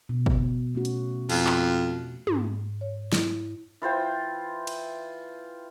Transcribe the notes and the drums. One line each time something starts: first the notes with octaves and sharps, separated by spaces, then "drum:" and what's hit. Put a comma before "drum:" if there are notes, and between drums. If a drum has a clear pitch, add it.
B2
drum: kick
A3 C#4 F#4
drum: hi-hat
F2, drum: cymbal
drum: clap
G#2, drum: tom
C#5
E4, drum: snare
E3 F4 C5 G5
drum: cymbal